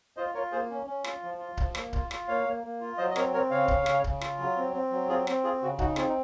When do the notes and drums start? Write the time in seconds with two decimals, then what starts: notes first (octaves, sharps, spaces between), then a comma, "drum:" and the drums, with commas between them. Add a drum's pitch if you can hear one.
0.17 F4 C5 D#5
0.34 F4 A#4 C#5
0.52 A#3 G#4 C5
0.70 C#4
0.87 C#4
1.04 F4, drum: rim click
1.22 F3
1.39 F4
1.57 F3, drum: kick C#1
1.75 A#3, drum: rim click
1.93 F4, drum: kick C#1
2.11 F4, drum: rim click
2.28 A#3 C#5 F5
2.46 A#3
2.64 A#3
2.80 F4
2.98 F#3 C5 D#5
3.11 D#5
3.16 C4 A#4 C#5, drum: rim click
3.33 C4 A#4 C#5
3.50 C#3 C#5 F5
3.68 C#3, drum: kick C#1
3.86 C#3, drum: rim click
4.04 C#3, drum: kick C#1
4.21 F4, drum: rim click
4.39 F#3
4.56 C4
4.73 C4
4.91 F#3
5.09 C4 F4 G#4
5.27 C4, drum: rim click
5.44 F4 G#4
5.62 C#3 F#4
5.79 D#4 F#4, drum: kick C#1
5.96 C4 F4 G#4, drum: rim click